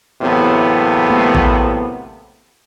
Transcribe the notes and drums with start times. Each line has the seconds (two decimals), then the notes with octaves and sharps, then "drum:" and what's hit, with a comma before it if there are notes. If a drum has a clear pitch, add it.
0.22 E2 A2 C3 F#3 A#3 B3
1.10 drum: tom G#3
1.35 drum: kick A1